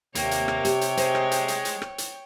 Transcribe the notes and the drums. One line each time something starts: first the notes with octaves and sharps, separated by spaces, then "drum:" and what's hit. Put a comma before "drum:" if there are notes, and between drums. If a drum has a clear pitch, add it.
D#2 C3 A#3 C#5 G5, drum: hi-hat
drum: hi-hat
drum: rim click
G4, drum: hi-hat
drum: hi-hat
G#3 C5, drum: hi-hat
drum: rim click
drum: hi-hat
drum: hi-hat
drum: hi-hat
drum: rim click
drum: hi-hat